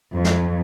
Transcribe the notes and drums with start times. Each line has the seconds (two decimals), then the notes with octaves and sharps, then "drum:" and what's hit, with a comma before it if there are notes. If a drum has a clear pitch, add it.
0.15 F2
0.25 drum: snare